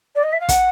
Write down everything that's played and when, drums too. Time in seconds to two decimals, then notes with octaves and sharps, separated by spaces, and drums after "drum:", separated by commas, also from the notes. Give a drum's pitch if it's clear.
0.15 D5
0.23 D#5
0.32 E5
0.40 F5
0.49 F#5, drum: kick, hi-hat